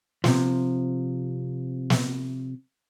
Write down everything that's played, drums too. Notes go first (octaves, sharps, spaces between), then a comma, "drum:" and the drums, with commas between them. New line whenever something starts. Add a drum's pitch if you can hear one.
C3 F3, drum: snare
drum: snare